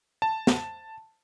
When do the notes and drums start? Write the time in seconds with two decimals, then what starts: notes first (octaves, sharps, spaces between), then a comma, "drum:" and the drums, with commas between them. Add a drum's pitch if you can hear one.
0.22 A5
0.47 drum: snare